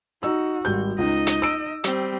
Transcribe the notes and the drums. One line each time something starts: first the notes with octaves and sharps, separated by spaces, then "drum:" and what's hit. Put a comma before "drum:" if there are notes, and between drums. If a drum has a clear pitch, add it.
D#4 F#4 E6
G#1 G3 G6
C#2 D#4 D#5
drum: hi-hat
E6 D7
G3 C4, drum: hi-hat